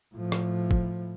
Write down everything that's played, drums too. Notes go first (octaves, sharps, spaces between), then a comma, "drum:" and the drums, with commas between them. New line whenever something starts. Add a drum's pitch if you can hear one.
A2 F3
drum: rim click
drum: kick